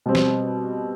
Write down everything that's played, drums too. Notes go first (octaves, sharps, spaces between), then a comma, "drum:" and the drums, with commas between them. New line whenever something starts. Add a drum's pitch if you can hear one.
B2 G3 C4
drum: snare